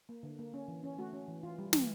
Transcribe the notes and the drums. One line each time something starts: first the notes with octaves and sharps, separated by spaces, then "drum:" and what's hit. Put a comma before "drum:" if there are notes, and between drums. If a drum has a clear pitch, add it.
A#3
D3
A#3
C#4
E3
C#4
A3 F#4
C#4
E3
E3 F4
G3
E3, drum: snare